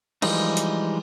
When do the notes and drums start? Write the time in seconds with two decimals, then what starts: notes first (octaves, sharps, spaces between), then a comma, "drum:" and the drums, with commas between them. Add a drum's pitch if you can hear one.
0.22 E3 F3 G3 G#3 D#4, drum: cymbal
0.57 drum: hi-hat